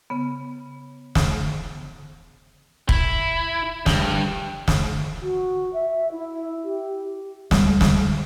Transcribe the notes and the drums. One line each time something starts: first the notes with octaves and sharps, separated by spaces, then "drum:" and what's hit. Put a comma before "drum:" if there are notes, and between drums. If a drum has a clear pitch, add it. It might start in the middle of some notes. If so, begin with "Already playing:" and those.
C#3 B3
drum: snare
E4, drum: kick
G2, drum: snare
drum: snare
F#4
E5
E4
G4
D2 G3 G#3 B3, drum: snare
drum: snare